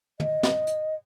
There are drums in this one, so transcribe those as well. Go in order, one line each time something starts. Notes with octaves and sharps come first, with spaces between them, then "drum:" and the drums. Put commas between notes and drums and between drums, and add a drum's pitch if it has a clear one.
D#5, drum: tom
drum: snare
drum: hi-hat